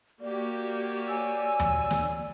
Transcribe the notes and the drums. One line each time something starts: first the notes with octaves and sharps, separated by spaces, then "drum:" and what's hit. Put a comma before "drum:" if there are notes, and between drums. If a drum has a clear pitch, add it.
A#3 F#4 G4 D5
C#5 G#5 E6
drum: tom D#2
drum: snare